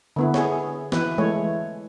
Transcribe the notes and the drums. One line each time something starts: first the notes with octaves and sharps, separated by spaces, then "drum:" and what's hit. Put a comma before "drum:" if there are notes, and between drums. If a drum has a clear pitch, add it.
D3 B3 E4
G#4 C#5, drum: snare
E3 B4, drum: snare
E3 G#3 A3 C#5